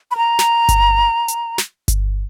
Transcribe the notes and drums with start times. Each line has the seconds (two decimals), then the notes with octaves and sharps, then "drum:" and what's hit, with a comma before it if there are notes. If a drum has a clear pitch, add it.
0.11 B5
0.17 A#5
0.39 drum: snare
0.69 drum: kick G1, hi-hat
1.28 drum: hi-hat
1.58 drum: snare
1.88 drum: kick G1, hi-hat